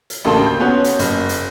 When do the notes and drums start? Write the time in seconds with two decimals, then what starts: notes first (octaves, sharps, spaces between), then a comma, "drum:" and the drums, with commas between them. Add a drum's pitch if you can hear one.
0.10 drum: hi-hat
0.25 A1 D2 C#3 A#3 A5 C6
0.46 G6
0.60 B3 C#4 F#4
0.84 drum: hi-hat
0.99 F#1, drum: hi-hat
1.29 drum: hi-hat